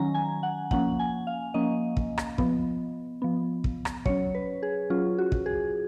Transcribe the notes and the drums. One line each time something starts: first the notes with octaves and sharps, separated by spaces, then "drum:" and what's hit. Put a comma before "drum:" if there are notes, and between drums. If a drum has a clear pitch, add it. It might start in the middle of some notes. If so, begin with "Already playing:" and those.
Already playing: D#3 F#3 C#4 G#5 A#5
G#5
F#5
F3 A#3 C#4 F#5, drum: kick
G#5
F5
F3 A#3 C#4 D#5
drum: kick
drum: rim click
F3 B3, drum: kick
F3 B3
drum: kick
drum: rim click
F#3 C#4 C#5, drum: kick
B4
G#4
F#3 C#4 F4
F#4
drum: kick
G#4